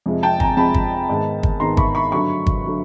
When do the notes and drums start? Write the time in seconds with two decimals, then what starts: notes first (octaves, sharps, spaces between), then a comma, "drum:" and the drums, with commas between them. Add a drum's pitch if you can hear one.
0.06 F2 C3 F3 G#3
0.23 G5 A5
0.40 G#5 A#5, drum: kick
0.57 F2 C3 F3 G#3 A5 B5
0.74 drum: kick
1.09 G#2 D#3 G#3 B3
1.43 drum: kick
1.60 G#2 D#3 G#3 B3 A#5 C6
1.77 B5 C#6, drum: kick
1.95 B5 C#6
2.11 G2 D3 F#3 A3 B5 C#6
2.46 drum: kick
2.65 D3 F#3 A3